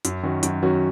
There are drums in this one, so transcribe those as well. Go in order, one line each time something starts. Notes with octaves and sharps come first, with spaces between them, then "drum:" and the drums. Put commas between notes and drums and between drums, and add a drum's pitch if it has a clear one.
F#2, drum: hi-hat
D#3 F#3 C#4 F#4
F#2, drum: hi-hat
D#3 F#3 C#4 F#4